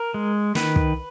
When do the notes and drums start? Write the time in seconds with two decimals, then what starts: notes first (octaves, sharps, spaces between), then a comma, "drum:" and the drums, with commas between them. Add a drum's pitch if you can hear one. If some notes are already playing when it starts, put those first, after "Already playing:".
Already playing: A#4
0.14 G#3
0.55 D#3 B4, drum: snare
0.76 drum: kick